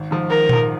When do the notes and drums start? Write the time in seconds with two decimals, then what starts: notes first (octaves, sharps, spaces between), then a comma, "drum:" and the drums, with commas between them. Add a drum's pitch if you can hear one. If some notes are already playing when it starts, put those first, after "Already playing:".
Already playing: G#1
0.11 G#2 F3
0.30 G#1 A#4
0.49 G#2 F3, drum: tom A#2